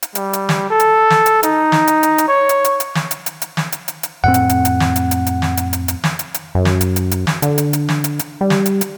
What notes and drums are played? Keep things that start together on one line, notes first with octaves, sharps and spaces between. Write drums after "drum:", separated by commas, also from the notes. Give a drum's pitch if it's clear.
drum: hi-hat
G3, drum: hi-hat
drum: hi-hat
drum: snare
A4
drum: hi-hat
drum: snare
drum: hi-hat
D#4, drum: hi-hat
drum: snare
drum: hi-hat
drum: hi-hat
drum: hi-hat
C#5
drum: hi-hat
drum: hi-hat
drum: hi-hat
drum: snare
drum: hi-hat
drum: hi-hat
drum: hi-hat
drum: snare
drum: hi-hat
drum: hi-hat
drum: hi-hat
F2 A2 C4 F#5
drum: hi-hat
drum: hi-hat
drum: hi-hat
drum: snare
drum: hi-hat
drum: hi-hat
drum: hi-hat
drum: snare
drum: hi-hat
drum: hi-hat
drum: hi-hat
drum: snare
drum: hi-hat
drum: hi-hat
F#2
drum: snare
drum: hi-hat
drum: hi-hat
drum: hi-hat
drum: snare
D3, drum: hi-hat
drum: hi-hat
drum: hi-hat
drum: snare
drum: hi-hat
drum: hi-hat
G3
drum: snare
drum: hi-hat
drum: hi-hat